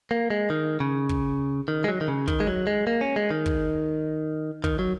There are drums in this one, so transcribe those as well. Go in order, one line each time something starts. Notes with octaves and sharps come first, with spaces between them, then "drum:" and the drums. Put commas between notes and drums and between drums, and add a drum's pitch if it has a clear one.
A#3
G#3
D#3
C#3
drum: kick
D#3
G#3
F#3
D#3
C#3
D#3, drum: kick
G#3
F#3
G#3
A#3
C#4
G#3
D#3
drum: kick
D#3, drum: kick
F#3